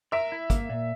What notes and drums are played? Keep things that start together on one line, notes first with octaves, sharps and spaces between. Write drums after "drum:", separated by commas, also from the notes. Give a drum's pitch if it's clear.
A#4 E5
E4
A#3, drum: kick, hi-hat
A#2